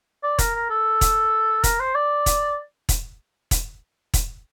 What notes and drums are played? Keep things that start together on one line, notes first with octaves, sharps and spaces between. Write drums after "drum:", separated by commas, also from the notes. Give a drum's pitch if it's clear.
D5
A#4, drum: kick E1, hi-hat
A#4
A4
drum: kick E1, hi-hat
A#4, drum: kick E1, hi-hat
C5
D5
drum: kick E1, hi-hat
drum: kick E1, hi-hat
drum: kick E1, hi-hat
drum: kick E1, hi-hat